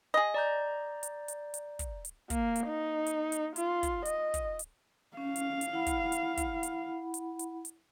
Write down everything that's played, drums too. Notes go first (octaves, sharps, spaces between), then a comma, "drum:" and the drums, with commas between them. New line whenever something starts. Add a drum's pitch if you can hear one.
G#4 D#5
D5 A#5 G6
drum: hi-hat
drum: hi-hat
drum: hi-hat
drum: kick, hi-hat
drum: hi-hat
A#3, drum: kick, hi-hat
drum: hi-hat
D#4
drum: hi-hat
drum: hi-hat
F4, drum: hi-hat
drum: kick, hi-hat
D#5, drum: hi-hat
drum: kick, hi-hat
drum: hi-hat
C#4 F5
drum: hi-hat
drum: hi-hat
E4 F#5 B5
drum: kick, hi-hat
drum: hi-hat
drum: kick, hi-hat
drum: hi-hat
drum: hi-hat
drum: hi-hat
drum: hi-hat